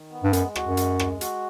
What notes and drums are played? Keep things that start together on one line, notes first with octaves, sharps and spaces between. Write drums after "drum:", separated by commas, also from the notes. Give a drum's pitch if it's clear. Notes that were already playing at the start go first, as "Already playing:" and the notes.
Already playing: D#3
B3
G2
F#2 G#3, drum: hi-hat
F#4, drum: rim click
F#2
G#3, drum: hi-hat
G#3, drum: rim click
F#4, drum: hi-hat